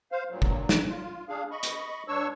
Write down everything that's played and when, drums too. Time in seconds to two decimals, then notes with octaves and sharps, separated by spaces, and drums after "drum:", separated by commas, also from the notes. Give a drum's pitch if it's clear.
0.12 C5 F5
0.30 G2 A#2 F#3
0.42 drum: kick
0.69 drum: snare
0.88 F4
1.29 D4 G#4 F5
1.51 D#5 B5 C#6
1.63 drum: hi-hat
2.08 G2 D4 C#5 C#6 E6